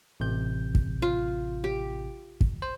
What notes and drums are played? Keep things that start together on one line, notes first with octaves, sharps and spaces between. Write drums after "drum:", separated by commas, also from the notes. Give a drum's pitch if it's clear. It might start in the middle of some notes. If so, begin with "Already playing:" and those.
A1 C3 G6
drum: kick
F4
G4
drum: kick
C5